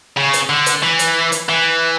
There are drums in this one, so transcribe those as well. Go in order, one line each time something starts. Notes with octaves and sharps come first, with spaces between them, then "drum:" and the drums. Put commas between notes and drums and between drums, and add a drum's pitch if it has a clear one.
C#3
drum: hi-hat
D3
drum: hi-hat
E3
drum: hi-hat
drum: hi-hat
E3